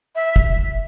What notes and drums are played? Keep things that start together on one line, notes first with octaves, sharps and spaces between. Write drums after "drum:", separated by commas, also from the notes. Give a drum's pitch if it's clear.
E5
drum: kick